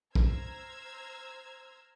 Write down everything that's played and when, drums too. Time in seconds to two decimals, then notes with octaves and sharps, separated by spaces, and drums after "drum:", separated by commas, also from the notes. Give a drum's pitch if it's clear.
0.15 C5 A#5 E6 F6 G#6, drum: kick